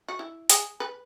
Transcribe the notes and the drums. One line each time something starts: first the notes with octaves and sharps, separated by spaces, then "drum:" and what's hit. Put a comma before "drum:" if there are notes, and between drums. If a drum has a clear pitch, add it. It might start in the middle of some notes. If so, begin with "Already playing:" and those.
F#4
E4
G#4, drum: hi-hat
B4